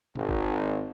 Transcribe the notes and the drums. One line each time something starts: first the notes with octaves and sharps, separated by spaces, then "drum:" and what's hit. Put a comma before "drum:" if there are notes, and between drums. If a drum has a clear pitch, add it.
G#1, drum: tom B2
drum: kick G1